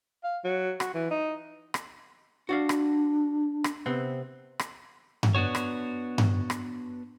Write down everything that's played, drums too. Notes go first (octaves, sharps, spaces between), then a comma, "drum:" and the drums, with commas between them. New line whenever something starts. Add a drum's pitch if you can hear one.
F5
F#3
F#4, drum: rim click
E3
D#4
drum: rim click
D4 F#4 D5 F5
drum: rim click
drum: rim click
C3 B3 C4
drum: rim click
drum: tom G2
B3 D4 F#4 C#5
drum: rim click
drum: tom G2
drum: rim click